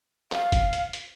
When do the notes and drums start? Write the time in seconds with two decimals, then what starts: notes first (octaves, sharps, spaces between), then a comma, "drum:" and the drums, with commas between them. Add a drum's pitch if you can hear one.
0.32 F5, drum: clap
0.52 drum: kick, hi-hat
0.73 drum: hi-hat
0.93 drum: hi-hat